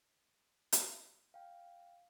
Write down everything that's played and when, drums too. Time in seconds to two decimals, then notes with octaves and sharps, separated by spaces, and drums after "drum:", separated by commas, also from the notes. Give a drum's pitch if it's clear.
0.72 drum: hi-hat
1.34 F5 G5